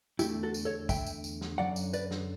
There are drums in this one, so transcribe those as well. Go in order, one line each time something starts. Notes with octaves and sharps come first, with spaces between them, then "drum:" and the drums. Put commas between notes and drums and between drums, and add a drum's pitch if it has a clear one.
E2 D3 A3 E4 G4, drum: tambourine
F#4 A4
drum: tambourine
A4 C#5
E5 G5, drum: kick, tambourine
drum: tambourine
drum: tambourine
drum: snare
F#2 D3 F#3 D5 F#5
drum: tambourine
B4 D5, drum: tambourine
drum: snare